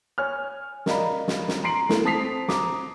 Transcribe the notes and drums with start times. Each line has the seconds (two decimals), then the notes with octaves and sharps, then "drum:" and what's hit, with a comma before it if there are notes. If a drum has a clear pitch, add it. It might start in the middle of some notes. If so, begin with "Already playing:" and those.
0.18 C#5 G#5 F6
0.86 A#4 D5 D#5 F5 A#5 B5, drum: snare
1.28 drum: snare
1.48 drum: snare
1.64 A#5 C6 C7 D7 F#7
1.89 A3 A#3 E4 A4, drum: snare
2.05 C4 A5 D#6 B6 C7 F7
2.48 A#5 D6 D#6, drum: snare